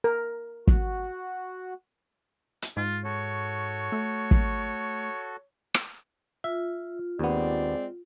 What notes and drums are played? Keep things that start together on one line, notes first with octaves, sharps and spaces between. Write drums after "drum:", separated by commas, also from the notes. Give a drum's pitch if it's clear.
A#4
F#4, drum: kick
drum: hi-hat
G#2 F4
F#4 A4 C#5
A3
drum: kick
drum: rim click
F4 E5
D#2 G#3 B3 C4 D5